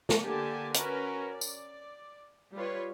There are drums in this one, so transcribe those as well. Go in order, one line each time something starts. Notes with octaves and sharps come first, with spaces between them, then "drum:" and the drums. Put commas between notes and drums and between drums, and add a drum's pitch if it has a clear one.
drum: snare
D3 A#3 G4 G#5 A5
C#4 F#4 A#4 B4, drum: hi-hat
D5
drum: tambourine
G3 F4 B4 C#5